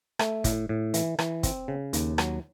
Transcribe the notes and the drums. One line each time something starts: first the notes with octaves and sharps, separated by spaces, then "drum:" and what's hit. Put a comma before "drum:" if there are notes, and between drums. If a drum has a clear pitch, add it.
A3, drum: rim click
A2, drum: kick, hi-hat
A2
E3, drum: hi-hat
E3, drum: rim click
C4, drum: kick, hi-hat
C#3
D#2, drum: hi-hat
F#3, drum: rim click